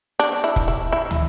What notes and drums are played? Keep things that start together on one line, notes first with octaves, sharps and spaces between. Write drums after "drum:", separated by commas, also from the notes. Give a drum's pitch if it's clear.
D4
E4
drum: kick
E4
E4
drum: tom